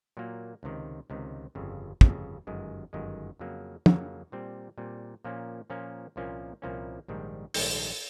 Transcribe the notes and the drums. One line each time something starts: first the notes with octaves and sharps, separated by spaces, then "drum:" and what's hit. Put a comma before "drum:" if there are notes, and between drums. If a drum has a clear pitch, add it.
A#2 F#3 A#3
C#2 C3 D#3
C#2 C3 D#3
G1 F2 C#3
G1 F2 C#3, drum: kick
G1 F#2 D#3 G#3
G1 F#2 D#3 G#3
F2 C#3 F#3 A#3
F2 C#3 F#3 A#3, drum: tom
A#2 G3 C4
A#2 G3 C4
A#2 F3 A#3 C#4
A#2 F3 A#3 C#4
C2 A#2 F3 A#3 C#4
C2 A#2 F3 A#3 C#4
A#1 G#2 D#3 G3
A#1 G#2 D#3 G3, drum: open hi-hat